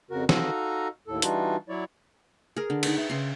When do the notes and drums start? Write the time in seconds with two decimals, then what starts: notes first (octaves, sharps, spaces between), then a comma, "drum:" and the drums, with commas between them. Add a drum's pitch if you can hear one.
0.11 F2 C#3 F#4 A#4
0.29 D#4 F#4 A4 D#5 F5 A#5, drum: snare
1.08 D#2 A2 A4
1.22 E3 G3 D4 D#4 F4 F#4, drum: hi-hat
1.69 F#3 E4 C#5 D5
2.56 G#4 A#4
2.70 D3
2.83 D#4 B4, drum: cymbal
2.97 E5
3.10 C#3 C6